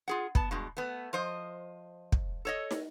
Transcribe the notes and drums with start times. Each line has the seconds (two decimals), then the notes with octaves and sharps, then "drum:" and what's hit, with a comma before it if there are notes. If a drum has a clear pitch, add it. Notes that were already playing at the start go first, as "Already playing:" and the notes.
0.08 F4 G#4 F#5
0.35 B3 A5, drum: kick
0.51 G2 B2 G#3
0.77 A3 B3
1.13 F3 C5 D#5
2.12 drum: kick
2.45 A4 C#5 D#5
2.71 drum: snare